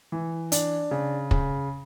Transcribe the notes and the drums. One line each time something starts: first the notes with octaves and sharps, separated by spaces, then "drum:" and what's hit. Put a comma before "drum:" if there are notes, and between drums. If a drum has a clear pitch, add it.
E3
D4, drum: hi-hat
C#3
C#3, drum: kick